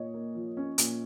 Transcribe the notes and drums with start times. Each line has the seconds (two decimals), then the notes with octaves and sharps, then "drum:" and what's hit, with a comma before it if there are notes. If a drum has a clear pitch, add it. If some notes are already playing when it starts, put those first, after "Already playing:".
Already playing: A#2 C#5 D#5
0.14 A#3
0.35 F3
0.57 C#4
0.78 A#2, drum: hi-hat